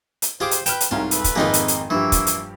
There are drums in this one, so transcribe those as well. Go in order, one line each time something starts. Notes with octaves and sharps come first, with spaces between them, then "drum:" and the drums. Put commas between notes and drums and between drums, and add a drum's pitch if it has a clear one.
drum: hi-hat
F4 G4 G#4 C5 D6
drum: hi-hat
B4 G5 F6 E7, drum: hi-hat
drum: hi-hat
C2 G#2 C#4 F4 F#4 A#4
A3 B4, drum: hi-hat
drum: kick, hi-hat
G#1 F2 A#3 D#4 F4 G#4
drum: hi-hat
drum: hi-hat
G2 E3 F3 A#3 G4 C#6 E6
drum: kick, hi-hat
drum: hi-hat